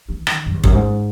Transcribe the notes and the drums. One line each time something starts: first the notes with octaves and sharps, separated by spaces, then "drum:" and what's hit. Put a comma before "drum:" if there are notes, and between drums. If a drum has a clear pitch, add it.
E3
D#3, drum: rim click
F#2
E2
F#2, drum: kick
G#2